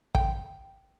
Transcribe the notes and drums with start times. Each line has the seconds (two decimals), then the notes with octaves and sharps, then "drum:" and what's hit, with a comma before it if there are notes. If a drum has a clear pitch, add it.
0.15 G5, drum: kick